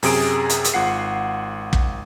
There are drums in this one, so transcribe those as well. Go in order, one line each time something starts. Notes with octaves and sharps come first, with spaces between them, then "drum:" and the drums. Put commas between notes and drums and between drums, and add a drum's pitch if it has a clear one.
F#2 C3 G#4 D7, drum: open hi-hat
drum: hi-hat
drum: hi-hat
G#1 F4 F#5 C7
drum: kick